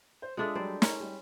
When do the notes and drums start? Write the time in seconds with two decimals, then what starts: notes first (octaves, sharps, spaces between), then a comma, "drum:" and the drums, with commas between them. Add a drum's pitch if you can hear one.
0.22 C5
0.37 G#3 D4 F4 A4 E5 D#6
0.55 F#3 G3 C5 D5
0.82 C#4 A#4 A#5, drum: snare
1.00 G3